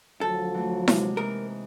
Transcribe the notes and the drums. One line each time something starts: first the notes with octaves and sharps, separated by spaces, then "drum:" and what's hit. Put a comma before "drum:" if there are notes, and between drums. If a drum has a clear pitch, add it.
D2 F3 F#3 A4
E3 A3
C3 G#3 A#3, drum: snare E4
E3 G#3 D#4 A#4